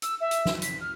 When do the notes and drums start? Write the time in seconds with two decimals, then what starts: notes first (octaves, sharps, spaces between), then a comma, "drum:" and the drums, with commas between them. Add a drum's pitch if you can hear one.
0.02 E6, drum: hi-hat
0.20 E5
0.31 drum: hi-hat
0.45 drum: snare
0.62 B6, drum: hi-hat
0.80 F6